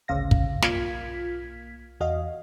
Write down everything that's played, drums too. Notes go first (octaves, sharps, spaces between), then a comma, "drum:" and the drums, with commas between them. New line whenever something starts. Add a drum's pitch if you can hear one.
A1 D2 C#3 F5 A#6
drum: kick
B1 A#3 F4 F6 G#6 B6, drum: snare
E2 F#4 D#5 F5